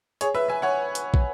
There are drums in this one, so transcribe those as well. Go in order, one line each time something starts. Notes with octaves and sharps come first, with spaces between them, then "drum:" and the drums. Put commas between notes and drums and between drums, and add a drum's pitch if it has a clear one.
G#4 C#5, drum: hi-hat
B4 E5
E5 G#5
C#5 F#5
drum: hi-hat
drum: kick